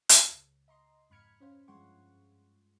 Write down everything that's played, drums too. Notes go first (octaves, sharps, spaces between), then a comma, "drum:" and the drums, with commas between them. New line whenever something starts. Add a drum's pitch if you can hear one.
drum: hi-hat
C#2
D#5 A#5 C6
F2 G#2 B5 F6 G#6 C#7
C#4 C5 F5
G2 F3 G#3 F#5 C6 C#6